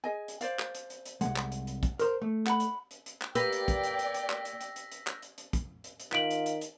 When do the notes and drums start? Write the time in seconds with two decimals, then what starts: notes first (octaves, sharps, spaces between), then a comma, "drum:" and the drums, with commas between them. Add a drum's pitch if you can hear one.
0.04 G#4 D#5 G#5
0.28 drum: hi-hat
0.41 C5 D5 F5, drum: hi-hat
0.59 drum: clap
0.75 drum: hi-hat
0.90 drum: hi-hat
1.05 drum: hi-hat
1.21 C2 G#3 F#5, drum: hi-hat
1.36 drum: clap
1.52 drum: hi-hat
1.67 drum: hi-hat
1.83 drum: kick, hi-hat
2.00 A#4 C5, drum: hi-hat
2.22 A3
2.47 F#5 B5, drum: clap
2.60 drum: hi-hat
2.91 drum: hi-hat
3.06 drum: hi-hat
3.22 drum: clap
3.35 A#3 G4 B4 D5 G5 E6 A#6 B6, drum: hi-hat
3.53 drum: hi-hat
3.68 drum: kick, hi-hat
3.83 drum: hi-hat
3.99 drum: hi-hat
4.14 drum: hi-hat
4.30 drum: clap
4.45 drum: hi-hat
4.61 drum: hi-hat
4.76 drum: hi-hat
4.92 drum: hi-hat
5.07 drum: clap
5.22 drum: hi-hat
5.38 drum: hi-hat
5.53 drum: kick, hi-hat
5.84 drum: hi-hat
6.00 drum: hi-hat
6.12 D#3 F4 B6 D7 F#7, drum: clap
6.31 drum: hi-hat
6.46 drum: hi-hat
6.61 drum: hi-hat